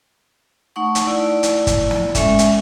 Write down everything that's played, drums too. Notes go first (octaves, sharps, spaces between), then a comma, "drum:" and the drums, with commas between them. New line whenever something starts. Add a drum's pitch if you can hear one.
A3 D#4 F#5 C#6
drum: hi-hat
A3 E4 D5
drum: hi-hat
drum: kick, hi-hat
drum: snare
G#3 C#4 A4 E5, drum: kick, hi-hat
drum: hi-hat